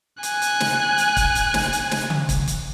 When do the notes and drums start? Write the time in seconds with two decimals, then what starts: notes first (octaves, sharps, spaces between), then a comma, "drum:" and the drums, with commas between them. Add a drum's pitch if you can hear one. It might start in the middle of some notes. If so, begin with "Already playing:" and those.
0.23 G#5 F#6, drum: hi-hat
0.42 drum: hi-hat
0.60 drum: snare
0.98 drum: hi-hat
1.16 drum: kick, hi-hat
1.35 drum: hi-hat
1.54 drum: snare
1.73 drum: hi-hat
1.91 drum: snare
2.10 drum: tom C#3
2.29 drum: kick, hi-hat
2.47 drum: hi-hat